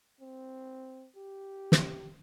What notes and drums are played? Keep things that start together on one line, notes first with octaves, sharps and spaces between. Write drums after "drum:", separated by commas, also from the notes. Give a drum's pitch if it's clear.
C4
G4
drum: snare